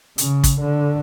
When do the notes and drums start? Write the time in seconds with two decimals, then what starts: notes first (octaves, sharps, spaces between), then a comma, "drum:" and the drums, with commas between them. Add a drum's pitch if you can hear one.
0.18 C#3, drum: hi-hat
0.44 drum: kick, hi-hat
0.60 D3